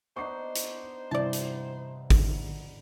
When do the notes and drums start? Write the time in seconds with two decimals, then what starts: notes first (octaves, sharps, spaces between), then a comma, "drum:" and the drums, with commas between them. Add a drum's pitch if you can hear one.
0.16 B3 D4 D#4 C5 C#6 D6 C7
0.55 drum: hi-hat
1.11 G2 C3 E3 D5 A5
1.33 drum: hi-hat
2.10 drum: kick, open hi-hat